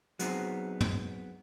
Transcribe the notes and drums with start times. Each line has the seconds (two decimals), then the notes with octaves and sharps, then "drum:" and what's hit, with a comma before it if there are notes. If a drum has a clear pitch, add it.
0.19 F#3 G#3 B3 C4 D#4, drum: hi-hat
0.81 drum: tom